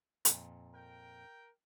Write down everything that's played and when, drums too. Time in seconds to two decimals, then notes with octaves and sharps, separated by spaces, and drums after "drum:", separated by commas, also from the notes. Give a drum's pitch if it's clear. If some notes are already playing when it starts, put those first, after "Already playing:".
0.25 F2 A#2, drum: hi-hat
0.74 A#4 G5